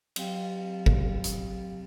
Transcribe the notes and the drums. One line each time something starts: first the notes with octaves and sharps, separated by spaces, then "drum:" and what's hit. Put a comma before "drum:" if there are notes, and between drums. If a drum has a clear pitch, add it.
F#3 C4 G4 F5 G5, drum: cymbal
drum: kick G#1
drum: hi-hat